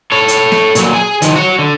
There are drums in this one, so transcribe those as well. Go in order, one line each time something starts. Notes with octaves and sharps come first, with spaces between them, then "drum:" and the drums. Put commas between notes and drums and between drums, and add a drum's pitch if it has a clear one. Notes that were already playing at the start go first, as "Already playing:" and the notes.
A4 C#5
drum: hi-hat
drum: snare
A#2 F#3, drum: hi-hat
G#4 G#5
D#3 F3, drum: hi-hat
F#4 C#5
D3